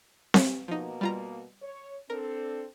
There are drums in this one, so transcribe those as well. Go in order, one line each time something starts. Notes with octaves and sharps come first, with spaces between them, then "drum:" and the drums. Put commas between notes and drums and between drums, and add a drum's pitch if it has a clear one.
drum: snare C4
B2 F3 A#3 D#4
G3 F4 A#5
C#5
C4 D4 A4 A#4